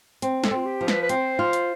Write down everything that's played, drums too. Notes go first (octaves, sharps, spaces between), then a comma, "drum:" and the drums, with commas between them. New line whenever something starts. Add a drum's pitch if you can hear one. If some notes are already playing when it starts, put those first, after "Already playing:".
C4, drum: hi-hat
A4, drum: snare
C4 F4
G4
F3
B4, drum: snare
B4
C4 C5, drum: hi-hat
F4
drum: hi-hat